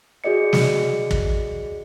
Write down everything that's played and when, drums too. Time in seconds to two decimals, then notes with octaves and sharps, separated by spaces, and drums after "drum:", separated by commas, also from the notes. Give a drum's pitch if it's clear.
0.24 F#4 G#4 D5 D#5 C#7
0.53 drum: snare
1.11 drum: kick